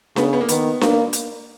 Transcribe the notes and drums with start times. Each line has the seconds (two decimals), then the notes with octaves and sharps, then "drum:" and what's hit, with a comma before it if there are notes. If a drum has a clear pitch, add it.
0.16 C#3 B3, drum: snare D4
0.33 B3
0.41 A#3
0.49 D#3 B3, drum: hi-hat
0.81 A#3, drum: snare D4
1.13 drum: hi-hat